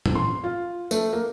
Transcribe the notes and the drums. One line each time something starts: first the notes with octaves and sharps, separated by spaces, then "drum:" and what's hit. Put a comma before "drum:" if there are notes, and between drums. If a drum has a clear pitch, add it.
drum: tom
C6
F4
A3, drum: tambourine
A#3